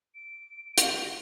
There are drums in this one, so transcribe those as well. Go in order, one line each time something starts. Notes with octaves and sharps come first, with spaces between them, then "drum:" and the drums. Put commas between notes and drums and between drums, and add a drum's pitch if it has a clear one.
D7
drum: hi-hat